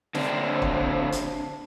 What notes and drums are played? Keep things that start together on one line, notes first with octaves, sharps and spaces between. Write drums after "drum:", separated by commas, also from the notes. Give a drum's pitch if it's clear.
D3 C4 D4, drum: snare
drum: kick
drum: hi-hat